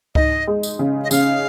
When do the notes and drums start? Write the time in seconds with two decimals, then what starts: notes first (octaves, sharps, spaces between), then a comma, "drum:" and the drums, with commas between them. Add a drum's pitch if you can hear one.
0.15 D#4 D#5, drum: kick C#2
0.47 G#3
0.63 drum: tambourine
0.79 C#3
1.04 D#5
1.11 C#3 F5, drum: tambourine